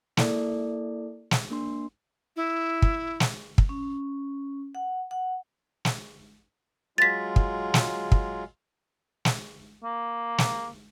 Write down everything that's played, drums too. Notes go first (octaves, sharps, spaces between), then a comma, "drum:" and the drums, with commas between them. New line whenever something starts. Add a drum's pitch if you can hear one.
A#3 E4 A4 D5, drum: snare
drum: snare
A#3 D4 C6
E4
drum: kick
drum: snare
drum: kick
C#4
F#5
F#5
drum: snare
F#3 G#3 F4 A6 B6
drum: kick
drum: snare
drum: kick
drum: snare
A#3
drum: snare